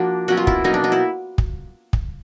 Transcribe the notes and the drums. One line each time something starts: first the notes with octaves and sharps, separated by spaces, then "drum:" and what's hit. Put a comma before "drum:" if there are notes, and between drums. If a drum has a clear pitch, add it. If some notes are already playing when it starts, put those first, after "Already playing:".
Already playing: F3 A#3 D4 F#4
B2 F#3 A#3 C#4 F#4
F4
E4, drum: kick
B2 F#3 A#3 C#4 D#4
D4
D#4
E4
drum: kick
drum: kick